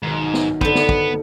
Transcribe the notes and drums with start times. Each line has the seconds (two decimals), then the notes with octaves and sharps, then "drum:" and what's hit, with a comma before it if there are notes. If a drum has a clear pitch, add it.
0.03 B1 G#2 B2 D#3
0.34 drum: snare
0.61 D3 B3 C5, drum: kick
0.75 drum: snare
0.89 drum: kick